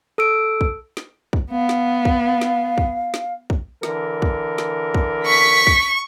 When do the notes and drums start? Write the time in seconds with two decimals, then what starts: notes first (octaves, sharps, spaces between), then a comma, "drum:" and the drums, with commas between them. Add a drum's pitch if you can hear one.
0.18 A4 E6 D7
0.61 drum: kick
0.97 drum: snare
1.33 drum: kick
1.51 B3 F5
1.69 drum: snare
2.05 drum: kick
2.41 drum: snare
2.78 drum: kick
3.14 drum: snare
3.50 drum: kick
3.83 D3 E3 A#4, drum: snare
4.22 drum: kick
4.58 drum: snare
4.94 drum: kick
5.26 C#6 B6
5.67 drum: kick